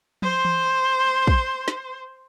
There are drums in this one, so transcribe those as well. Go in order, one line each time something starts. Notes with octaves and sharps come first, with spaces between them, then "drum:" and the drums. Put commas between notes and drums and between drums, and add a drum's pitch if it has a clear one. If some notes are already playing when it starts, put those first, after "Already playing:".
C5 C6, drum: tom
drum: tom E3
drum: kick
drum: snare